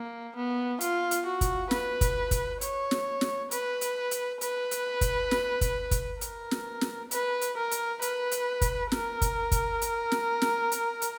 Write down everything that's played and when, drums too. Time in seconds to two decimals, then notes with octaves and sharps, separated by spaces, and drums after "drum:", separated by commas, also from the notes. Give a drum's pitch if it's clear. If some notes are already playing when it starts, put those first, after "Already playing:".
Already playing: A#3
0.36 B3
0.81 F4, drum: hi-hat
1.11 drum: hi-hat
1.26 F#4
1.41 drum: kick, hi-hat
1.71 B4, drum: snare
2.01 drum: kick, hi-hat
2.31 drum: kick, hi-hat
2.61 C#5, drum: hi-hat
2.91 drum: snare
3.21 drum: snare
3.51 B4, drum: hi-hat
3.81 drum: hi-hat
4.11 drum: hi-hat
4.41 B4, drum: hi-hat
4.71 drum: hi-hat
5.01 drum: kick, hi-hat
5.31 drum: snare
5.61 drum: kick, hi-hat
5.91 drum: kick, hi-hat
6.21 A#4, drum: hi-hat
6.51 drum: snare
6.81 drum: snare
7.11 B4, drum: hi-hat
7.41 drum: hi-hat
7.56 A#4
7.71 drum: hi-hat
8.02 B4, drum: hi-hat
8.31 drum: hi-hat
8.61 drum: kick, hi-hat
8.92 A#4, drum: snare
9.21 drum: kick, hi-hat
9.52 drum: kick, hi-hat
9.82 drum: hi-hat
10.12 drum: snare
10.42 drum: snare
10.72 drum: hi-hat
11.02 drum: hi-hat